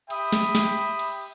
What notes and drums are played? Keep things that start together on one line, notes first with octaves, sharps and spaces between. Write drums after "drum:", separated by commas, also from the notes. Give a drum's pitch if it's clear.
G4 E5 G5 B5 D#6, drum: cymbal
drum: snare
drum: snare
drum: cymbal